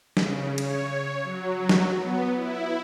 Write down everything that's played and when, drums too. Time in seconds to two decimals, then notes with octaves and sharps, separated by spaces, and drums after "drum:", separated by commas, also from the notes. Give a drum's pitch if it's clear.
0.17 C#3, drum: snare
0.58 C#5, drum: cymbal
1.24 F#3
1.57 F#3
1.69 drum: snare
1.95 B3
2.35 E4